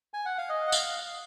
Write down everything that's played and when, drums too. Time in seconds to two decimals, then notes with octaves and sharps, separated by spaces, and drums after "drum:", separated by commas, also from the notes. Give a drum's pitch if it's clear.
0.14 G#5
0.25 F#5
0.38 F5
0.49 D#5
0.68 F#5
0.72 F5, drum: tambourine